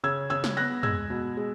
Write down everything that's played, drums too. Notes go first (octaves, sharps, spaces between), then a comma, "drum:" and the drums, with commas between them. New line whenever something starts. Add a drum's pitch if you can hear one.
C#3 E6 G#6
C#3 E6 G#6
drum: snare
B3 F#6 A#6
G#3 E6 G#6, drum: tom
B2
G#3